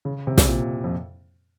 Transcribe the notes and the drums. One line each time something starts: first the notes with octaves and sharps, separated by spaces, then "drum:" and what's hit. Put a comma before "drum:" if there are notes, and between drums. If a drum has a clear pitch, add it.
C#3
C3
drum: snare
A#2
F2